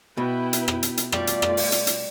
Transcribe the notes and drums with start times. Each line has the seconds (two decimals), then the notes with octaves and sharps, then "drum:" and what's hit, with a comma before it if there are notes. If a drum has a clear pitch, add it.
0.17 B2 E4 B4 G5
0.53 drum: hi-hat
0.68 drum: rim click
0.83 drum: hi-hat
0.97 drum: hi-hat
1.12 G3 A3 F4 D5, drum: rim click
1.27 drum: hi-hat
1.42 drum: rim click
1.57 drum: open hi-hat
1.72 drum: hi-hat
1.87 drum: hi-hat